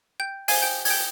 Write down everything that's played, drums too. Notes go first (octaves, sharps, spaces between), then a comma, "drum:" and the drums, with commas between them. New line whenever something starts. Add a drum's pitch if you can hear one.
G5 G6
C5 F5 G#5 G#6, drum: open hi-hat
G5 G6
G#6, drum: open hi-hat
G5 G6